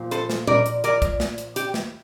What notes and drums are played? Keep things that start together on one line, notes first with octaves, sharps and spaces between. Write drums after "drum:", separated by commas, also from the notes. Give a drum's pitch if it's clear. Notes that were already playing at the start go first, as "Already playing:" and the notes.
Already playing: A#2 F3
A4 C5, drum: hi-hat
drum: snare
A#4 D5, drum: tom A#2
drum: hi-hat
A#4 D5, drum: hi-hat
drum: kick, hi-hat
drum: snare
drum: hi-hat
G4, drum: hi-hat
drum: snare